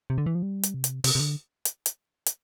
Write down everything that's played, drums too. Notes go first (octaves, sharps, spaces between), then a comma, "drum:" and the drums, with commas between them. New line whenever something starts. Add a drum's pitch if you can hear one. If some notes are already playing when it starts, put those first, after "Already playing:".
C3
D3
E3
F3
G3
drum: hi-hat
C3
drum: hi-hat
C3, drum: open hi-hat
C3
D3
drum: hi-hat
drum: hi-hat
drum: hi-hat